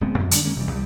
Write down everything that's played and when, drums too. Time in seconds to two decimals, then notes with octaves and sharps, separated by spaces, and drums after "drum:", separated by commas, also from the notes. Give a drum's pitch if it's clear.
0.01 D1 G#3 B3 C4
0.20 F2
0.31 D3 G3 A3 D4, drum: hi-hat
0.44 D#3 G#3 A#3 C#4
0.56 F1 C3 E3 G3
0.71 C2 F3 G3